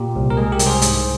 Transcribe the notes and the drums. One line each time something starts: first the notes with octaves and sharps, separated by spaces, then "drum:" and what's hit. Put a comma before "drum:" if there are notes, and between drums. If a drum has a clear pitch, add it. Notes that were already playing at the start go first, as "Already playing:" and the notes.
Already playing: A#2 G4
C2
A#4
G#3 G#4
G4 A#4
C2, drum: hi-hat
G#4 C5
G#2, drum: hi-hat